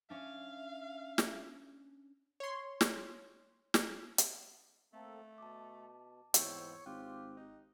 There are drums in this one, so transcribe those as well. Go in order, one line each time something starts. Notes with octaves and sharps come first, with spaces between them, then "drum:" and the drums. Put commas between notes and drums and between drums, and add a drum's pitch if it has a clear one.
C#4 D4 E5 F5
drum: snare
C#5 C6
drum: snare
drum: snare
drum: hi-hat
A3 A#3 C4 A4
B2 A5 D6
E2 G#2 C4 C#5 E6 G6, drum: hi-hat
G#1 C4 F4 G4 G5 F#6
D#4